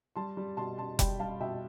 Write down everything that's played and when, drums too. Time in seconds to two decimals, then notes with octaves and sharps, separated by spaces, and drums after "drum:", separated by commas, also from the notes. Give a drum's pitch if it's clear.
0.16 G3 A5 C6
0.37 G3
0.57 B2 A5 C6
0.78 B2 A5 C6
0.99 G3 G5 B5, drum: kick F1, hi-hat
1.20 G3 F5 A5
1.40 B2 E5 G5